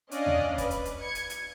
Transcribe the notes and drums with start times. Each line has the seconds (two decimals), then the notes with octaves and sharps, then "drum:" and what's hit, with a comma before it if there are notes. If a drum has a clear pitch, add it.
0.11 C#4 D4 D5 D#5 F5, drum: hi-hat
0.26 drum: tom D#2
0.58 B4, drum: kick, hi-hat
0.71 drum: hi-hat
0.85 drum: hi-hat
1.01 G#6 C#7
1.15 drum: hi-hat
1.30 drum: hi-hat